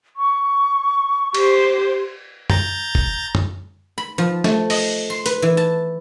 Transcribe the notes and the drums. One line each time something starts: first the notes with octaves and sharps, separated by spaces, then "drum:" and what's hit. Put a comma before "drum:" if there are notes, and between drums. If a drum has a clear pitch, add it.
C#6
G4 C5, drum: cymbal
A#5 G6 A6, drum: tom
drum: kick
drum: tom
B5
F3
A3, drum: snare
D#5, drum: open hi-hat
C6
B4, drum: hi-hat
E3
A5